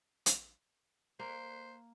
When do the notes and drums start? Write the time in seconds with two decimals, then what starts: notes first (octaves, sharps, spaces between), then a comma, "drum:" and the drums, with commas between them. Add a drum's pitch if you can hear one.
0.26 drum: hi-hat
1.19 A#3 C5